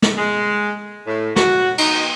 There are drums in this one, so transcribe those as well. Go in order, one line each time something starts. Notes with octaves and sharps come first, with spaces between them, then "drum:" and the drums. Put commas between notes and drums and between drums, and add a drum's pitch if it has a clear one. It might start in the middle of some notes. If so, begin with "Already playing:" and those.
drum: snare
G#3
A2
F#4, drum: snare
D#4, drum: cymbal